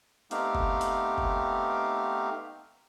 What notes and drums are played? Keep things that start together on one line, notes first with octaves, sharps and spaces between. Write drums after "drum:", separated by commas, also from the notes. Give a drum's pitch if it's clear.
A3 B3 C4 D#4 G4 F5, drum: hi-hat
drum: kick F#1
drum: hi-hat
drum: kick F#1